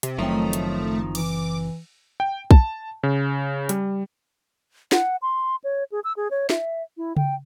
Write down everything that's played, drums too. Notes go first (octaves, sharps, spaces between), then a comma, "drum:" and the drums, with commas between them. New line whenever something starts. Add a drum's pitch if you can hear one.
C3, drum: hi-hat
F#1 D#3 F3 F#3 A3 C4 D#4
drum: hi-hat
E3 D6, drum: cymbal
G5
A5, drum: kick A#1
C#3
G3, drum: hi-hat
F#5, drum: snare
C6
C#5
G#4
E6
G#4
C#5
E5, drum: snare
E4
G5, drum: tom C#3